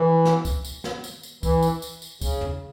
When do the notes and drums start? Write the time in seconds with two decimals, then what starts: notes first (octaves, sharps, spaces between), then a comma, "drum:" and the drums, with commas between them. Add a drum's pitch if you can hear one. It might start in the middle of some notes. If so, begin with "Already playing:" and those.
Already playing: E3
0.25 drum: snare
0.45 drum: kick C#2, tambourine
0.64 drum: tambourine
0.84 drum: snare
1.04 drum: tambourine
1.23 drum: tambourine
1.43 E3, drum: kick C#2, tambourine
1.63 drum: tambourine
1.82 drum: tambourine
2.02 drum: tambourine
2.21 C#3, drum: kick C#2, tambourine
2.41 drum: tom E2